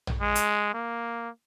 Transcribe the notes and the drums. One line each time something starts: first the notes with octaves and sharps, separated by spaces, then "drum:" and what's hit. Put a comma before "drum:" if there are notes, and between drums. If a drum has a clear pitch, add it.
drum: tom A#1
G#3
drum: hi-hat
A#3